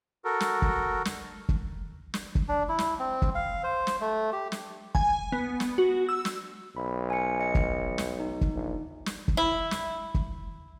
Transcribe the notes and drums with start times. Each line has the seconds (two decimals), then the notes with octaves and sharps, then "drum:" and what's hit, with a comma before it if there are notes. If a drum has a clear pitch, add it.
0.25 F#4 A4 A#4
0.40 drum: snare
0.62 drum: kick
1.05 drum: snare
1.49 drum: kick
2.14 drum: snare
2.35 drum: kick
2.49 D4
2.69 E4
2.79 drum: snare
3.00 C4
3.22 drum: kick
3.35 F5
3.64 C5
3.87 drum: snare
4.01 A3
4.33 G4
4.52 drum: snare
4.95 G#5, drum: kick
5.32 B3
5.60 drum: snare
5.78 F#4
6.09 E6
6.25 drum: snare
6.76 B1 B5
7.10 G#5 C#7
7.40 D#5 C#7
7.55 drum: kick
7.98 drum: snare
8.20 D#4
8.41 drum: kick
8.54 A#1
9.06 drum: snare
9.28 drum: kick
9.37 E4
9.71 drum: snare
10.14 drum: kick